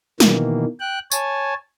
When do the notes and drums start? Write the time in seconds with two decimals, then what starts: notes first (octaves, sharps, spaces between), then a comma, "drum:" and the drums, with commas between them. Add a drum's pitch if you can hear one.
0.20 B2 D#3 E3 A#3, drum: snare
0.80 G5 F#6
1.12 C#5 G#5 A5, drum: tambourine